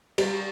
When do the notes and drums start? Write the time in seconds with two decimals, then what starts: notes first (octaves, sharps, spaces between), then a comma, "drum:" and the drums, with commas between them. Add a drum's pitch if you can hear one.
0.18 G3, drum: cymbal